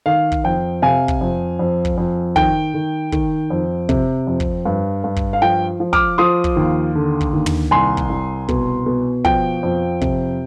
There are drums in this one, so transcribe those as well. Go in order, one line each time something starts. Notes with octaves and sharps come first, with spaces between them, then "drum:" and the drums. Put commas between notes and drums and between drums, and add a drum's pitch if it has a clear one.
D#3 F5
drum: kick
F2 G5
C3 F5 G#5
drum: kick
F2
F2
drum: kick
F2
D#3 G5, drum: kick
D#3
D#3, drum: kick
F2
C3, drum: kick
F2
drum: kick
G2
G2
drum: kick
F5
F3 G5
F3
D6 F6, drum: kick
F3 C6 D#6
drum: kick
D#2
D3
drum: kick
D#2
drum: tom
C2 G#5 C6
drum: kick
C2
B2, drum: kick
B2
F3 G5, drum: kick
F2
C3, drum: kick